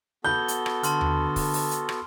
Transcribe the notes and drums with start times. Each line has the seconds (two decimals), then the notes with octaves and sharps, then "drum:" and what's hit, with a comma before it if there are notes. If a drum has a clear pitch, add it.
0.25 B3 F#4 A4 B5 G6 G7
0.48 drum: hi-hat
0.66 drum: rim click
0.83 D3 A5 C6 F6, drum: hi-hat
1.01 drum: tom D#2
1.36 drum: kick, open hi-hat
1.54 drum: open hi-hat
1.71 drum: hi-hat
1.89 drum: rim click